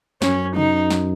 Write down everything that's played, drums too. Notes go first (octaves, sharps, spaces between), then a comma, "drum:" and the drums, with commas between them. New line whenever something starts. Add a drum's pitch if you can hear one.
F#2 C#4, drum: snare
D#4, drum: tom C3
drum: snare